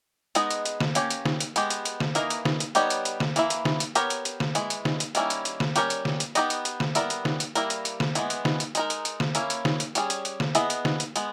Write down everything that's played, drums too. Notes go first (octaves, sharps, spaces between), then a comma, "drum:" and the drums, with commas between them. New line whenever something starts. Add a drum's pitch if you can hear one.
G#3 B3 D#4 G#4 D#5, drum: hi-hat
drum: hi-hat
drum: hi-hat
drum: snare
A#3 C#4 G4 C#5, drum: hi-hat
drum: hi-hat
drum: snare
drum: hi-hat
G#3 B3 G4, drum: hi-hat
drum: hi-hat
drum: hi-hat
drum: snare
E3 A#3 D#4 A#4 D#5, drum: hi-hat
drum: hi-hat
drum: snare
drum: hi-hat
G3 B3 D#4 G4 C#5, drum: hi-hat
drum: hi-hat
drum: hi-hat
drum: snare
E3 A#3 E4, drum: hi-hat
drum: hi-hat
drum: snare
drum: hi-hat
B3 G4 A#4 C#5, drum: hi-hat
drum: hi-hat
drum: hi-hat
drum: snare
E3 G#3, drum: hi-hat
drum: hi-hat
drum: snare
drum: hi-hat
D#3 G3 A#3 C#4 E4, drum: hi-hat
drum: hi-hat
drum: hi-hat
drum: snare
G3 C#4 G4 A#4 C#5, drum: hi-hat
drum: hi-hat
drum: snare
drum: hi-hat
B3 D#4 G4 B4 D#5, drum: hi-hat
drum: hi-hat
drum: hi-hat
drum: snare
G3 B3 E4 A#4, drum: hi-hat
drum: hi-hat
drum: snare
drum: hi-hat
G3 A#3 E4 A#4, drum: hi-hat
drum: hi-hat
drum: hi-hat
drum: snare
E3 G#3 B3, drum: hi-hat
drum: hi-hat
drum: snare
drum: hi-hat
G#3 D#4 A#4, drum: hi-hat
drum: hi-hat
drum: hi-hat
drum: snare
A#3 C#4 E4, drum: hi-hat
drum: hi-hat
drum: snare
drum: hi-hat
G3 C#4 G#4, drum: hi-hat
drum: hi-hat
drum: hi-hat
drum: snare
B3 E4 G#4 D#5, drum: hi-hat
drum: hi-hat
drum: snare
drum: hi-hat
G#3 B3, drum: hi-hat